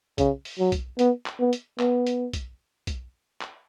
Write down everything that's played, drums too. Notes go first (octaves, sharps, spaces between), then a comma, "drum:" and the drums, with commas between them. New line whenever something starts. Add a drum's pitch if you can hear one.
C#3, drum: kick B1, hi-hat
drum: open hi-hat
F#3
drum: kick B1, hi-hat
B3, drum: hi-hat
drum: clap
B3
drum: hi-hat
B3, drum: clap
drum: hi-hat
drum: kick B1, hi-hat
drum: kick B1, hi-hat
drum: clap